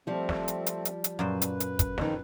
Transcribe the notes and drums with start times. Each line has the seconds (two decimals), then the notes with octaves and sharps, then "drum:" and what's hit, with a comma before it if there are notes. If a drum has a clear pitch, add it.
0.07 F3 G3 A3 C4
0.29 drum: snare
0.48 drum: hi-hat
0.66 drum: hi-hat
0.85 drum: hi-hat
1.04 drum: hi-hat
1.19 F#2 A#2 B4 C5
1.42 drum: hi-hat
1.60 drum: hi-hat
1.79 drum: kick, hi-hat
1.98 F2 D#3, drum: snare